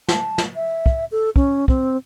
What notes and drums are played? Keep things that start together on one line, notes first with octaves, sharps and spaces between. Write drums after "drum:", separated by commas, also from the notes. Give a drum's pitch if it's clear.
A5, drum: snare
drum: snare
E5
drum: kick
A4
C#4, drum: kick
C4, drum: kick